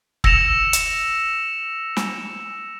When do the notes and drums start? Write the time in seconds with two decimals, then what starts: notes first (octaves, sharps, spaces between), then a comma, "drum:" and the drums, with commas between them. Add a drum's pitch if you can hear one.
0.24 E6 A#6 C#7 E7 F7, drum: kick
0.73 drum: hi-hat
1.97 drum: snare